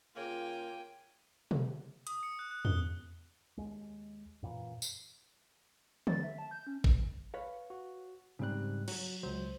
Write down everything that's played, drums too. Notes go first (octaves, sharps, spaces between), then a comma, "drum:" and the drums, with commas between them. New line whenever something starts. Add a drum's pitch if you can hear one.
C#3 A#3 F4 G5 G#5
drum: tom B2
D#6, drum: hi-hat
C#7
F#6
F#6
G7, drum: tom E2
D#2 G#3
F#2 A#2 E3
drum: tambourine
A6, drum: tom D3
E5
A5
G6
C#4
drum: kick G#1
B4 C#5 F5
F#4
G#2 C#3 G3 C4 F#6
F#3 F#4 C#5, drum: cymbal
C#2 F#3 C5